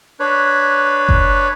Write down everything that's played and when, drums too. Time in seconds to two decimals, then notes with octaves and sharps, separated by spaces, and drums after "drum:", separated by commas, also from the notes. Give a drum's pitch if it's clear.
0.20 D4 B4 C#5
1.09 drum: kick F#1